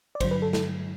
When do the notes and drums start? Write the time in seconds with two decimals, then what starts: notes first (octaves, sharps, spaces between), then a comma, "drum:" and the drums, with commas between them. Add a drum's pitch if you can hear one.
0.15 D5
0.20 G2 D3 F#3 C5, drum: kick, cymbal
0.31 B4
0.42 A4
0.53 A4, drum: snare